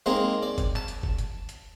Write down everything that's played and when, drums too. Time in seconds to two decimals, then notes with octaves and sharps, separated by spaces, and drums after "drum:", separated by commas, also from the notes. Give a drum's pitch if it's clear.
0.06 G#3 A#3 C4 D#4
0.43 D5
0.58 drum: kick F#1, hi-hat
0.76 A5, drum: clap
0.88 drum: hi-hat
1.03 drum: kick F#1
1.18 drum: hi-hat
1.49 drum: hi-hat